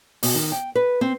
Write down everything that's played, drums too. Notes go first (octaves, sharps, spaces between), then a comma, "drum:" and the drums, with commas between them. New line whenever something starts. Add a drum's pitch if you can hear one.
B2, drum: open hi-hat
D#3
G5
B4
C4